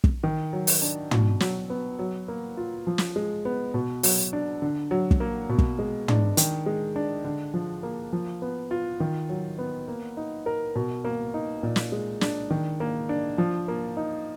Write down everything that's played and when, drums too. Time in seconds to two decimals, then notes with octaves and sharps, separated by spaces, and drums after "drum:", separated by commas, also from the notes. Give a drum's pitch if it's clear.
0.04 drum: kick
0.23 D#3
0.53 F#3
0.67 drum: open hi-hat
0.82 D4
1.11 B2, drum: tom
1.40 F#3, drum: snare
1.70 B3
1.99 F#3
2.28 A#3
2.57 F4
2.87 F3
2.98 drum: snare
3.16 G#3
3.45 B3
3.74 B2
4.03 F#3, drum: open hi-hat
4.33 D4
4.62 D3
4.91 F#3
5.11 drum: kick
5.20 A#3
5.49 B2
5.58 drum: kick
5.79 G#3
6.08 D4, drum: tom
6.37 D#3, drum: hi-hat
6.66 G#3
6.96 D4
7.25 D3
7.54 F3
7.83 A#3
8.13 F3
8.42 B3
8.71 F4
9.00 D#3
9.29 F#3
9.59 B3
9.88 A#3
10.17 D#4
10.46 A#4
10.76 B2
11.05 A#3
11.34 D#4
11.63 A#2
11.76 drum: snare
11.92 G#3
12.21 D4, drum: snare
12.50 D#3
12.80 A#3
13.09 D4
13.38 F3
13.68 A#3
13.97 D#4